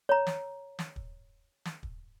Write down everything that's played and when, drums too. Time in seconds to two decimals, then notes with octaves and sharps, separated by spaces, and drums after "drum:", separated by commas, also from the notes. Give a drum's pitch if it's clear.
0.09 C#5 A#5
0.27 drum: snare
0.79 drum: snare
0.96 drum: kick
1.65 drum: snare
1.83 drum: kick